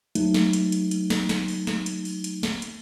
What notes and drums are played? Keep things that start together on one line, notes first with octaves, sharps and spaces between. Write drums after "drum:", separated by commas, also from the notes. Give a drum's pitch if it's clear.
F#3 A3 D#4, drum: hi-hat
drum: snare
drum: hi-hat
drum: hi-hat
drum: hi-hat
drum: snare
drum: snare
drum: open hi-hat
drum: snare
drum: hi-hat
drum: open hi-hat
drum: hi-hat
drum: snare
drum: hi-hat